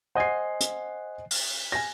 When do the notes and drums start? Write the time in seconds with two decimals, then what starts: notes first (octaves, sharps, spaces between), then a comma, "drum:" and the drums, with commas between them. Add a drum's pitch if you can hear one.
0.15 C5 D#5 F#5 G#5 C7
0.60 drum: hi-hat
1.30 drum: open hi-hat
1.72 G#5 A#6